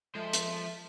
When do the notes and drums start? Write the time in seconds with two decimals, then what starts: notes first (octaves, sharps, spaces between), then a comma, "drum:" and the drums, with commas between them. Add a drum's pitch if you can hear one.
0.15 F3 G#3 A4 C5 E5
0.33 drum: hi-hat